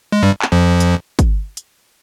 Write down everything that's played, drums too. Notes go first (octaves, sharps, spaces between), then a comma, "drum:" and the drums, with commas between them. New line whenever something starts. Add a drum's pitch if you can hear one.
G#3
G2 G3
drum: clap
F2 F3
drum: hi-hat
drum: kick, hi-hat
drum: hi-hat